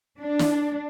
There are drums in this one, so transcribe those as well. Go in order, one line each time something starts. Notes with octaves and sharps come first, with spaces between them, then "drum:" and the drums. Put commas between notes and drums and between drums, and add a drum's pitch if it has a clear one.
D4
drum: snare